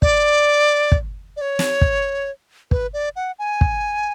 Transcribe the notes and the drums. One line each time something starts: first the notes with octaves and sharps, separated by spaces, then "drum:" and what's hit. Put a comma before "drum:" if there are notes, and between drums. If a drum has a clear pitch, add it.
D5, drum: kick
drum: kick
D5
C#5
drum: snare
drum: kick
B4, drum: kick
D5
F#5
G#5
drum: kick